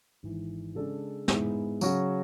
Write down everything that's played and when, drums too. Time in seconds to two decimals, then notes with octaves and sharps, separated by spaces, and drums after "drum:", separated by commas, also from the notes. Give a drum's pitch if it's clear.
0.23 G#1 G#2 E3
0.75 C#3 G#3 D4 A4
1.28 G#2 G#3 B3 E4, drum: snare
1.81 C#3 F#3 C#4 F#4, drum: tambourine